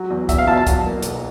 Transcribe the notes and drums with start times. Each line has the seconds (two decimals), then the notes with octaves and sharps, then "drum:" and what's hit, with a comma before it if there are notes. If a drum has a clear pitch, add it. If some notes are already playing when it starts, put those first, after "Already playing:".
Already playing: F#3
0.10 E2
0.29 E2 E5, drum: kick, hi-hat
0.38 F5
0.47 B2 A5
0.57 A5
0.66 F#3, drum: kick, hi-hat
0.85 A#3
1.02 B1, drum: hi-hat